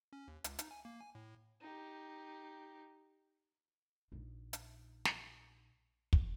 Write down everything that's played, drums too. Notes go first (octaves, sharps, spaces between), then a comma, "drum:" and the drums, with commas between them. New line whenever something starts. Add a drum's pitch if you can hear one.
C#4
D#2
C#2, drum: hi-hat
D#4, drum: hi-hat
G#5
A#3
G#5
A2
D#4 G4
A#1 D#4
drum: hi-hat
drum: snare
drum: kick